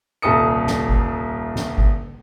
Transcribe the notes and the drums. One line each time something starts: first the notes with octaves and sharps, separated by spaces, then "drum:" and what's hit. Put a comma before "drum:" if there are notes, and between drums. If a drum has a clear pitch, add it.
D#1 C2 A4 D#6 C#7
drum: snare
drum: kick G1
drum: snare
drum: kick G1